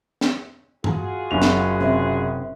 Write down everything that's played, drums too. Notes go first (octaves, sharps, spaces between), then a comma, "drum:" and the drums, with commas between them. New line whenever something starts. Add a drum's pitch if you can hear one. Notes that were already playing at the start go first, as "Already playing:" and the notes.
drum: snare
F4 F#4 G#4, drum: tom G2
F#1 F7
drum: snare
C3 C4 C#4